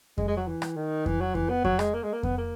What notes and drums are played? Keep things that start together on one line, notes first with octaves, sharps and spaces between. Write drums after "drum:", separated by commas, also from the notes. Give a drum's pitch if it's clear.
G#3, drum: kick F2
G#3
F#3
E3
drum: rim click
D#3
E3, drum: kick F2
F#3
E3, drum: kick F2
B3
F#3, drum: kick F2
G#3, drum: rim click
A#3
G#3
A#3
B3, drum: kick F2
A#3